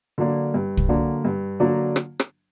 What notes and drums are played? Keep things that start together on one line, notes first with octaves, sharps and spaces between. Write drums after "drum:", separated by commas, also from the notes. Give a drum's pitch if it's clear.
D3 F#3 A#3 D4
G2
drum: kick
D3 F#3 A#3 D4
G2
D3 F#3 A#3 D4
drum: rim click
drum: rim click